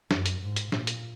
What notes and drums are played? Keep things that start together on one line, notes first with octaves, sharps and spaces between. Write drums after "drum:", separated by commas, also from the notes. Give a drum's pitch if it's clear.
F#2, drum: snare
drum: hi-hat
G#2
drum: hi-hat
A#2, drum: snare
drum: hi-hat